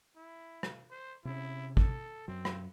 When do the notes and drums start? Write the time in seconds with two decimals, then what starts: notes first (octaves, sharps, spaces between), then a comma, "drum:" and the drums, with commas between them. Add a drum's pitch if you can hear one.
0.16 E4
0.63 drum: rim click
0.90 C5
1.25 C3 C#4 E4
1.77 A4, drum: kick
2.28 F#2 F#3 C4
2.45 drum: rim click